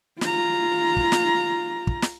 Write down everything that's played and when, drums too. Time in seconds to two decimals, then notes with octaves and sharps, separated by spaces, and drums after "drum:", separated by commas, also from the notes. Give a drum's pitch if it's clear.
0.21 F4 A#5, drum: snare
0.97 drum: kick
1.12 drum: snare
1.87 drum: kick
2.02 drum: snare